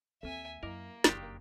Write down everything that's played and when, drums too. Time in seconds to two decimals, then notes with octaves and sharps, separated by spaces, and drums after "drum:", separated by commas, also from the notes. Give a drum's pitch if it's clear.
0.23 D#2 C4 A4 E5 G#5
0.63 F#2 A#3 E4 A#4 D#5 D6
1.04 F#1 F2 D#3 D4 G4 C6 D#6 A6, drum: snare